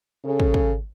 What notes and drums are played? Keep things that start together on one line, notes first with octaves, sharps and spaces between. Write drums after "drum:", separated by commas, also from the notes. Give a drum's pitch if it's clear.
C#3 C#4 A4
drum: kick
drum: kick